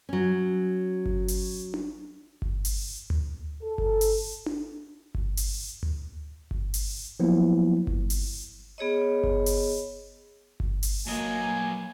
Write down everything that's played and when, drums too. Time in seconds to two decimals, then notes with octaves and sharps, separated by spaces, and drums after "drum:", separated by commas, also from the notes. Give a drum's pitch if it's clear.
0.09 F#3 C#4
1.06 drum: kick G1
1.28 drum: open hi-hat
1.74 drum: tom D4
2.42 drum: kick G1
2.65 drum: open hi-hat
3.10 drum: tom D2
3.62 A4
3.78 drum: kick G1
4.01 drum: open hi-hat
4.46 drum: tom D4
5.15 drum: kick G1
5.37 drum: open hi-hat
5.83 drum: tom D2
6.51 drum: kick G1
6.74 drum: open hi-hat
7.20 F3 F#3 A#3 B3 E4
7.87 drum: kick G1
8.10 drum: open hi-hat
8.78 B3 G#4 C#5 D#5
9.24 drum: kick G1
9.46 drum: open hi-hat
10.60 drum: kick G1
10.83 drum: open hi-hat
11.07 F#3 A#3 D#5 G#5